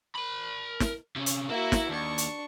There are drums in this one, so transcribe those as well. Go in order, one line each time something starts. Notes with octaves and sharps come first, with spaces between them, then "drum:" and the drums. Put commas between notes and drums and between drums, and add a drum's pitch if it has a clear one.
A#4 B5
drum: snare
C3 C#4
drum: hi-hat
A#3 E4 F#4 E5
drum: snare
D#2 D4 C#6
drum: hi-hat